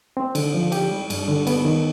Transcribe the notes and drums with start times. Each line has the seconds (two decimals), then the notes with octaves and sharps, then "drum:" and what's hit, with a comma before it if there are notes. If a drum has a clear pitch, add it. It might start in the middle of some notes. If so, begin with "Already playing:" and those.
0.17 C4
0.35 D3, drum: cymbal
0.54 F3
0.72 G4, drum: cymbal
0.91 G3
1.10 G2, drum: cymbal
1.28 D3
1.47 B3, drum: cymbal
1.65 D#3